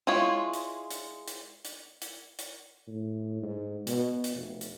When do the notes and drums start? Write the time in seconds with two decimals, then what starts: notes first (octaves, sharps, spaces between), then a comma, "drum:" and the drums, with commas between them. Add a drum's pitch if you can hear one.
0.07 G#3 E4 F4 G#4 C#5
0.53 drum: hi-hat
0.90 drum: hi-hat
1.28 drum: hi-hat
1.65 drum: hi-hat
2.02 drum: hi-hat
2.39 drum: hi-hat
2.88 A2
3.43 G#2
3.87 B2, drum: hi-hat
4.24 drum: hi-hat
4.36 F1
4.61 drum: hi-hat